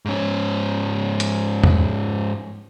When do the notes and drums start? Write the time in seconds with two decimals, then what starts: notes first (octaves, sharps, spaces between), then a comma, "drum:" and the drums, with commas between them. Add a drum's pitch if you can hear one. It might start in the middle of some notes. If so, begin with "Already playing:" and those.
0.06 G#2 C#4
1.20 drum: hi-hat
1.64 drum: tom E2